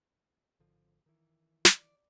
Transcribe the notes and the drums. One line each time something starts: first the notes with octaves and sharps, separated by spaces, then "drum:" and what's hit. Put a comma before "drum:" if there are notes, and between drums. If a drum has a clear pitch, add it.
G#1 D3 F3
D#3 E3
D5, drum: snare